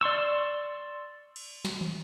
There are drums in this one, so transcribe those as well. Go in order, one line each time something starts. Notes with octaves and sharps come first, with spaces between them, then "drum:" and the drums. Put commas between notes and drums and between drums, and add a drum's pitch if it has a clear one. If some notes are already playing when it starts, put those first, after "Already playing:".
D5 C6 C#6 E6
drum: cymbal
drum: snare
drum: tom